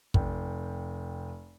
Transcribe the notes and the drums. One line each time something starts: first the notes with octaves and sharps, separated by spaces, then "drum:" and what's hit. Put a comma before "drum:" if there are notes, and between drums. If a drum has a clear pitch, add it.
F1 G5, drum: kick